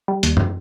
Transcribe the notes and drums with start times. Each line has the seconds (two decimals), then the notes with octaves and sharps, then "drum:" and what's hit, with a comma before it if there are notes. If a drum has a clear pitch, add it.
0.08 G3
0.23 D#2, drum: hi-hat
0.37 drum: tom F#2